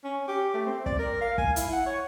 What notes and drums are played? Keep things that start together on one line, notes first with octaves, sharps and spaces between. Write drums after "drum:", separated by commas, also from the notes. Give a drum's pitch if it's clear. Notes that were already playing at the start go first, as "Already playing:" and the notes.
C#4
G4
A3
C4
D5, drum: kick
A#4
F5
G#5, drum: kick
E4, drum: hi-hat
F#5
C#5